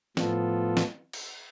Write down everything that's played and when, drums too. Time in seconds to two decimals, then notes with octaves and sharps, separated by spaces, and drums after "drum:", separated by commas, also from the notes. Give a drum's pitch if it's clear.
0.17 A2 F3 B3 F4 A4, drum: snare
0.77 drum: snare
1.13 drum: cymbal